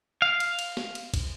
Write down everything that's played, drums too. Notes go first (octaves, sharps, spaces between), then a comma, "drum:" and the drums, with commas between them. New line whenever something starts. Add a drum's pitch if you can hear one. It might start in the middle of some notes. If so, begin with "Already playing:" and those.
F5
drum: cymbal
drum: cymbal
drum: snare
drum: cymbal
drum: kick, cymbal